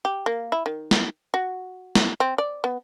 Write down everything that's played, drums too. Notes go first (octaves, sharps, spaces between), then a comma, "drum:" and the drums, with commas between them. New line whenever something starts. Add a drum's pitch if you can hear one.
G4
A#3
E4
D#3
drum: snare
F#4
drum: snare
C4
D5
B3